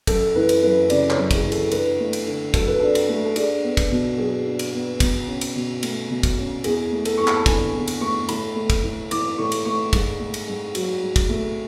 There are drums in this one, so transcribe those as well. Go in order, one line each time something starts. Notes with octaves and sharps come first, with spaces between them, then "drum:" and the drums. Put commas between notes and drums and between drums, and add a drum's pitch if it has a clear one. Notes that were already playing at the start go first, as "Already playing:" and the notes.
F#2 A4, drum: kick, cymbal
E3 B4
drum: cymbal
F#2 B4
C#3 D5, drum: cymbal
C#5, drum: clap
F#2
G#4, drum: kick, cymbal
E3
A4, drum: cymbal
D4 B4, drum: cymbal
A3
drum: cymbal
D3
F#3 A4, drum: kick, cymbal
B4
D4 A4
drum: cymbal
A3
A4
D4 G#4, drum: cymbal
B3
drum: kick, cymbal
B2
F#3 G#4
D4
drum: cymbal
B3
B2, drum: kick, cymbal
C#4
drum: cymbal
B2
A3, drum: cymbal
B2
drum: kick, cymbal
C#4
E2 G#4, drum: cymbal
A3
A4, drum: cymbal
E2 C#6
B5, drum: clap
A5
D3 G#5, drum: kick, cymbal
E2
drum: cymbal
A3 C#6
A2 B5, drum: cymbal
A3
drum: kick, cymbal
A2
E3 D6, drum: cymbal
A2 C#6
drum: cymbal
A3 C#6
G#2, drum: kick, cymbal
A3
drum: cymbal
G#2
F#3, drum: cymbal
G#2
drum: kick, cymbal
A3